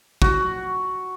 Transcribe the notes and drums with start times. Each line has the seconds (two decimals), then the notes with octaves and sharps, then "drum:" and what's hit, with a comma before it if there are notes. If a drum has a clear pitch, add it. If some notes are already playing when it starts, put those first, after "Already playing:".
0.22 F#4, drum: kick